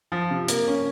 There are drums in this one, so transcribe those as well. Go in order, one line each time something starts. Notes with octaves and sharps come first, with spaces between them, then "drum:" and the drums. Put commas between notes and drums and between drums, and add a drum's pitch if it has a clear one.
F3
C3
A#3, drum: hi-hat
C#4